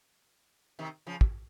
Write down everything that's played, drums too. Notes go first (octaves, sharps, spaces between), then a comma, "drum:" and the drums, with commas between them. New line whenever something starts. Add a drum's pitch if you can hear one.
C3 D#3
C#3 F3
drum: kick